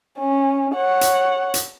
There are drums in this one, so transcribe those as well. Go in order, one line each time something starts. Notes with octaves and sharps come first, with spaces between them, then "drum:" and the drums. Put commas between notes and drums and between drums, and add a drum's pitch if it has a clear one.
C#4
C#5 F#5
drum: hi-hat
drum: hi-hat